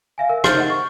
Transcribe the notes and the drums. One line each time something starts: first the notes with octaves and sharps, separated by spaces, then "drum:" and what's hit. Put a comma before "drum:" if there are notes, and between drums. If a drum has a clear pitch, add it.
E5 F5 G#5
A#4
D#4 C5 F6 G6 A6, drum: rim click
D#5 F#5
C#6